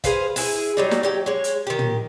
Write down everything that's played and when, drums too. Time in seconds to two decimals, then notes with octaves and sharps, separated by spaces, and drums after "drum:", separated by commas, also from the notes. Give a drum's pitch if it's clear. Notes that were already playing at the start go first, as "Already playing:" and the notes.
0.04 G#4 B4 C5 F5, drum: kick, hi-hat
0.36 E4 G#4, drum: open hi-hat
0.77 F#3 G3 D#4
0.91 drum: snare
1.03 F#3 G4 G5
1.26 G#3 C#5
1.44 drum: hi-hat
1.67 D#3 G4
1.79 drum: tom